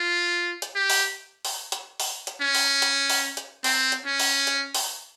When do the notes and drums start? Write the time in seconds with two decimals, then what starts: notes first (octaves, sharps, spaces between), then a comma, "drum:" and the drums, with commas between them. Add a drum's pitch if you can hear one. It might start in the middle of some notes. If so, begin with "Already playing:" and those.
Already playing: F4
0.62 drum: hi-hat
0.75 G4
0.90 drum: open hi-hat
1.45 drum: open hi-hat
1.72 drum: hi-hat
2.00 drum: open hi-hat
2.27 drum: hi-hat
2.41 C#4
2.55 drum: open hi-hat
2.82 drum: hi-hat
3.10 drum: open hi-hat
3.37 drum: hi-hat
3.64 C4, drum: open hi-hat
3.92 drum: hi-hat
4.06 C#4
4.20 drum: open hi-hat
4.47 drum: hi-hat
4.75 drum: open hi-hat